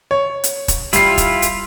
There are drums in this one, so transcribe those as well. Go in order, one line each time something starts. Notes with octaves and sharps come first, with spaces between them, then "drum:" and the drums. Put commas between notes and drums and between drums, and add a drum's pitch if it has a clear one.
C#5
drum: hi-hat
drum: kick, hi-hat
G3 E4 F4 C7, drum: hi-hat
drum: kick, hi-hat
drum: hi-hat